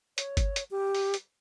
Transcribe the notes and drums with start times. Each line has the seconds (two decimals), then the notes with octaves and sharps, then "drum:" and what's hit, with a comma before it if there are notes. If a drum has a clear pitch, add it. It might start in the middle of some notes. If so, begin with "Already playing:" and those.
0.18 C#5, drum: hi-hat
0.37 drum: kick G1, hi-hat
0.56 drum: hi-hat
0.71 G4
0.95 drum: open hi-hat
1.14 drum: hi-hat